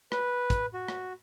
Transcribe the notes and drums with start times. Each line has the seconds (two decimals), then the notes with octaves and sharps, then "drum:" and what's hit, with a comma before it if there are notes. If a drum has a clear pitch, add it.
0.12 B4, drum: rim click
0.50 drum: kick, hi-hat
0.74 F#4
0.88 drum: rim click